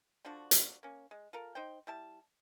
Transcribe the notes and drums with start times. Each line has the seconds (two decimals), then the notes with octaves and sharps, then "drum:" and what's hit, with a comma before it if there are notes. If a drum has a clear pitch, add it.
0.25 D3 F3 D4 F#4
0.51 drum: hi-hat
0.83 A#3 C#4
1.11 G#3
1.33 F4 A4 A#4
1.55 D#4 C5 G5
1.87 G3 E4 A5